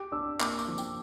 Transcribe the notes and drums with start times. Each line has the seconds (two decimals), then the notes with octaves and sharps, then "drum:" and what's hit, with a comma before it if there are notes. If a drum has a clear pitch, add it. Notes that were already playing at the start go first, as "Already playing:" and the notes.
Already playing: G4 D6
0.12 D4 E6
0.40 A#3 D6, drum: clap
0.59 D6, drum: tambourine
0.68 F3
0.78 G5, drum: tambourine